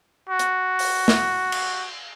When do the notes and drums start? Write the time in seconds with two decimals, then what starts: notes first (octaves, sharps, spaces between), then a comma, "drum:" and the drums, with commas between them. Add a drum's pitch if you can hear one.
0.30 F#4
0.39 drum: hi-hat
0.79 drum: open hi-hat
1.08 drum: snare
1.52 drum: cymbal